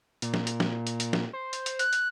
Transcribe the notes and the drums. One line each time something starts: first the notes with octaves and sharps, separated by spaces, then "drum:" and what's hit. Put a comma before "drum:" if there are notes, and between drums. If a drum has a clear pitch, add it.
A#2, drum: hi-hat
drum: snare
drum: hi-hat
drum: snare
drum: hi-hat
drum: hi-hat
drum: snare
C5
drum: hi-hat
drum: hi-hat
F#6, drum: hi-hat
drum: hi-hat